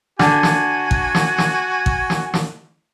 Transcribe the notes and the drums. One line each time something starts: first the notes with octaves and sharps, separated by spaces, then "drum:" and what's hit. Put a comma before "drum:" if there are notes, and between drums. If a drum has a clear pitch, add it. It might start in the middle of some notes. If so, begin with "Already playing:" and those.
D3 F#4 G#5, drum: snare
drum: snare
drum: kick G#1
drum: snare
drum: snare
drum: kick G#1
drum: snare
drum: snare